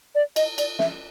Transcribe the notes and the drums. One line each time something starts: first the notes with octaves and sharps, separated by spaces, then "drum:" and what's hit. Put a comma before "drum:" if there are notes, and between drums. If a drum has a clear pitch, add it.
D5
D#5, drum: cymbal
D5, drum: cymbal
E5, drum: snare